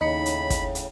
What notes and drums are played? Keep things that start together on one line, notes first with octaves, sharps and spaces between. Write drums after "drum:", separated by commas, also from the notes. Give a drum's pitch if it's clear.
D#2 A2 C#3 D#4 B5 C#7
drum: hi-hat
drum: kick, hi-hat
drum: hi-hat